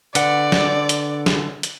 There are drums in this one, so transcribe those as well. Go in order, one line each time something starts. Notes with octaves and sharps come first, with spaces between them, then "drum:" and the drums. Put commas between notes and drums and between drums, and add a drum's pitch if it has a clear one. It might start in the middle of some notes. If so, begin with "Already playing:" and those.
D3 B4 D5 F#5, drum: hi-hat
drum: snare
drum: hi-hat
drum: snare
drum: hi-hat